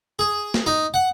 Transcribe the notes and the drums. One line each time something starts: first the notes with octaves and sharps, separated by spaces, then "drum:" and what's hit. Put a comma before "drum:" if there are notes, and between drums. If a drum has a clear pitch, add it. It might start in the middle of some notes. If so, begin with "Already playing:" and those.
G#4
drum: snare
D#4
F#5